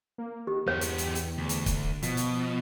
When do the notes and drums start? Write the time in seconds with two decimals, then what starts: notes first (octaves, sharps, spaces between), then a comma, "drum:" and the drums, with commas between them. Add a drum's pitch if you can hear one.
0.18 A#3
0.47 D#3 G4
0.68 E2 B3 G4 C#5
0.81 drum: hi-hat
0.98 drum: hi-hat
1.15 drum: hi-hat
1.38 D2
1.49 drum: hi-hat
1.66 drum: kick C#1, hi-hat
2.03 B2 F3, drum: hi-hat
2.17 drum: hi-hat